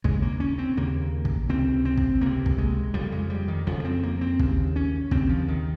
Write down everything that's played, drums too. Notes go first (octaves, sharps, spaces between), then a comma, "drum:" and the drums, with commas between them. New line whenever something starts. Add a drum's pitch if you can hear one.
D#2 C#3 G#3, drum: kick
A#3
C#4
C4
D#2 C#3 A#3
drum: kick
C#2 C3 C4
C4
drum: kick
C#2 C3 A#3
drum: kick
G#3
F2 C#3 G3
G#3
G3
D#3
F2 C#3 F3
C4
A#3
C4
D#2 C#3, drum: kick
C#4
D#2 C#3 C4, drum: kick
F3
D#3